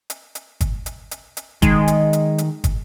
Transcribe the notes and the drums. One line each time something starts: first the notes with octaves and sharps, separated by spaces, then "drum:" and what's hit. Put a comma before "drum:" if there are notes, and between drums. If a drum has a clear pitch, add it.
drum: hi-hat
drum: hi-hat
drum: kick, hi-hat
drum: hi-hat
drum: hi-hat
drum: hi-hat
D#3 G#3, drum: kick, hi-hat
drum: hi-hat
drum: hi-hat
drum: hi-hat
drum: kick, hi-hat